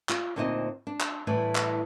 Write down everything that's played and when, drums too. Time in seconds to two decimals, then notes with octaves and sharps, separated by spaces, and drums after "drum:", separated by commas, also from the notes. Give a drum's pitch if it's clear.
0.09 F4, drum: clap
0.36 D2 A#2 C4 D#4 C5 D#5
0.87 D4
1.01 drum: clap
1.27 A2 E3 G3
1.55 drum: clap